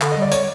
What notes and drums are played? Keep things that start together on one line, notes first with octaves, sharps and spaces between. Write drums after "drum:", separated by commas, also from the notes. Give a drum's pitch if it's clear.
D3, drum: clap
D#5
G3 D5
C#5, drum: hi-hat